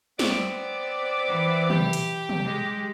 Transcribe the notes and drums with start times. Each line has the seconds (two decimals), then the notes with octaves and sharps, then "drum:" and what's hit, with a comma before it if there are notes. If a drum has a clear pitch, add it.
0.19 B3 C4 D5, drum: snare
1.28 E3
1.70 G4, drum: tom
1.93 drum: hi-hat
2.29 drum: tom
2.45 G#3